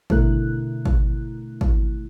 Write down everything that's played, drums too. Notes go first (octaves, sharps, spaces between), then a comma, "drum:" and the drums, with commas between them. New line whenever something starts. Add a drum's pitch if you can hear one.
B2 D3 A3 E4 A#4 F#6, drum: kick
drum: kick
drum: kick